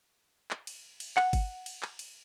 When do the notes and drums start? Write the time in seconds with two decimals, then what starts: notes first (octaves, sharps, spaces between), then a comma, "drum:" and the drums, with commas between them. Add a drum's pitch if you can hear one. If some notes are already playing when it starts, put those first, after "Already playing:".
0.51 drum: clap
0.67 drum: cymbal
1.00 drum: cymbal
1.17 F#5, drum: clap
1.33 drum: kick G1, cymbal
1.66 drum: cymbal
1.83 drum: clap
1.99 drum: cymbal